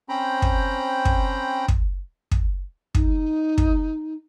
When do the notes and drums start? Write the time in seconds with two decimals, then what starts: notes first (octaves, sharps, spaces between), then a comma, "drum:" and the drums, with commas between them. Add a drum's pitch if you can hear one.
0.09 C4 C#4 C5 G5 A#5 B5
0.42 drum: kick
1.05 drum: kick
1.68 drum: kick
2.31 drum: kick
2.95 D#4, drum: kick
3.58 drum: kick